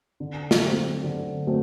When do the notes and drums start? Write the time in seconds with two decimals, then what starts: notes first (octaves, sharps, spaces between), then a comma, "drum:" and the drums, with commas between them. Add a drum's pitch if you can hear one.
0.20 D3
0.51 drum: snare
0.63 F#3 A3 C4
1.04 D3
1.47 F#3 A3 C4